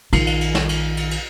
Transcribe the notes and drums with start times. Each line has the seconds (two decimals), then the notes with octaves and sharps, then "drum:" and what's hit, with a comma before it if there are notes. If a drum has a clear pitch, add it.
0.13 A#1 D#3 F4 C7, drum: cymbal
0.27 drum: cymbal
0.41 drum: cymbal
0.55 drum: snare
0.69 drum: cymbal
0.97 drum: cymbal
1.11 drum: cymbal